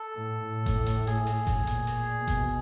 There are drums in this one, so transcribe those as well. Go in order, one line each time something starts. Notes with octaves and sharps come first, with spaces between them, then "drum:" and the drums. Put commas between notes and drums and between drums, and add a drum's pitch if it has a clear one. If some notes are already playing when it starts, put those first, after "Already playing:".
Already playing: A4
A2
A2
drum: kick G1, hi-hat
drum: hi-hat
G#4, drum: hi-hat
drum: open hi-hat
drum: kick G1, open hi-hat
A#2, drum: hi-hat
drum: open hi-hat
B2, drum: kick G1, hi-hat